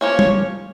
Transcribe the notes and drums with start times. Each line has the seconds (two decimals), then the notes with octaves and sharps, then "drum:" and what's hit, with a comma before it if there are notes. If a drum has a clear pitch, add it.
0.01 F3 A#3 C#4 C#5
0.19 drum: tom G3